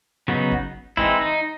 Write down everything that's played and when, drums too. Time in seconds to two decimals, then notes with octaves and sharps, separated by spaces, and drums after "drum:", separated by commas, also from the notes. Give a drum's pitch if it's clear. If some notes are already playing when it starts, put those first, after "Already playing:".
0.28 C#3 F#3 B3 D#4
0.51 drum: kick G1
0.97 E3 G#3 C4 D#4 E4, drum: kick G1
1.21 D#4